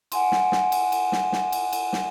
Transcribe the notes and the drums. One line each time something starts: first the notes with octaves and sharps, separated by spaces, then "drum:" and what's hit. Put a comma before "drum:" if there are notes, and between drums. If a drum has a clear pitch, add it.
F#5 G#5 C6, drum: cymbal
drum: snare
drum: snare
drum: cymbal
drum: cymbal
drum: snare
drum: snare
drum: cymbal
drum: cymbal
drum: snare